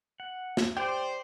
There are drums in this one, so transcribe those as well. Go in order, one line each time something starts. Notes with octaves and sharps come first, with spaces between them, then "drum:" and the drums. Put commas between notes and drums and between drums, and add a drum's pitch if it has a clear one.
F#5
drum: snare
G4 C5 D5 G5